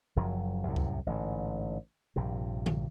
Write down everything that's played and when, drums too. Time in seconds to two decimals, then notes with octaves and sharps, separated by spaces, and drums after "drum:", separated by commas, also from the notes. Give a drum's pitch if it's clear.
0.16 F#1 F#2 F3 F#3
0.67 C2 F#2 A2 C3
0.76 drum: kick C#2
1.06 A1 G#2 D3
2.16 A#1 G2 C3
2.66 drum: tom D3